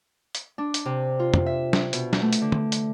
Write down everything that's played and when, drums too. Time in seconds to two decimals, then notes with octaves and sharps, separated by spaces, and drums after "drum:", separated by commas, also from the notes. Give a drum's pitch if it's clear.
0.35 drum: hi-hat
0.58 D4
0.74 drum: hi-hat
0.85 C3
1.19 F4
1.34 drum: tom
1.46 E5
1.73 drum: snare
1.93 B2, drum: hi-hat
2.13 drum: snare
2.22 A3
2.33 drum: hi-hat
2.42 D3
2.52 drum: tom
2.72 drum: hi-hat